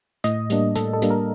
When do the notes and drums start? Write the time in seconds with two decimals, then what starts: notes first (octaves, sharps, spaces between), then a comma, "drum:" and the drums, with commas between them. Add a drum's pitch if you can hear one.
0.24 A2 D#5, drum: hi-hat
0.50 G3 A#3 D4, drum: hi-hat
0.76 A2 A4, drum: hi-hat
0.93 A4
1.02 G3 A#3 D4, drum: hi-hat
1.10 A#4